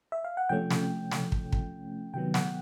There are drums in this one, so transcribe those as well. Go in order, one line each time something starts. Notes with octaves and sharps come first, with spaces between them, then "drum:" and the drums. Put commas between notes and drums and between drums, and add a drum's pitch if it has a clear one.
E5
F5
F#5
C3 F3 A3 C#4 G5
drum: snare
drum: snare
drum: kick
drum: kick
C3 D#3 F#3 B3 G5
F#5, drum: snare